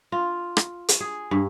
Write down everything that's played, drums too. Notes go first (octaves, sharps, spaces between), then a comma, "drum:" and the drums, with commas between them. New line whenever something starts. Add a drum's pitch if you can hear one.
F4
drum: rim click
drum: hi-hat
G#4
G2